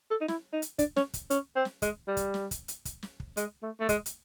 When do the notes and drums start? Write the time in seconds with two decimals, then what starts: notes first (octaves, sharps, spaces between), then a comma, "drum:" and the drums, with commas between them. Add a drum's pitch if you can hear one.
0.11 A4
0.21 D#4
0.28 E4, drum: snare
0.53 D#4
0.62 drum: hi-hat
0.79 D4, drum: kick, hi-hat
0.96 C#4, drum: snare
1.14 drum: kick, hi-hat
1.30 C#4, drum: hi-hat
1.56 C4
1.65 drum: snare
1.82 G#3, drum: kick, hi-hat
2.08 G3
2.17 drum: kick, hi-hat
2.34 drum: snare
2.51 drum: kick, hi-hat
2.68 drum: hi-hat
2.85 drum: kick, hi-hat
3.03 drum: snare
3.20 drum: kick
3.37 G#3, drum: hi-hat
3.63 A3
3.81 A3
3.89 G#3, drum: kick, hi-hat
4.06 drum: hi-hat